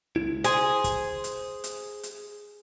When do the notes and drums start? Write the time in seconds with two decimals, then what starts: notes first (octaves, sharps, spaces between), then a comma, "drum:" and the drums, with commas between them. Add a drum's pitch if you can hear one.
0.16 C#2 E4
0.44 G#4 C5 C6, drum: hi-hat
0.84 drum: kick, hi-hat
1.24 drum: hi-hat
1.64 drum: hi-hat
2.03 drum: hi-hat